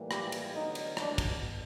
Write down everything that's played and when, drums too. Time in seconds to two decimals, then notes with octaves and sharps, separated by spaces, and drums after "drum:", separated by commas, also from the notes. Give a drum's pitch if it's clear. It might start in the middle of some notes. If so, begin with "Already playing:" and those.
Already playing: A2 E3 G3 A#3
0.11 G4, drum: rim click
0.32 drum: cymbal
0.54 D3 F#3 B3 D#4
0.75 drum: cymbal
0.97 D4, drum: rim click
1.18 drum: kick, cymbal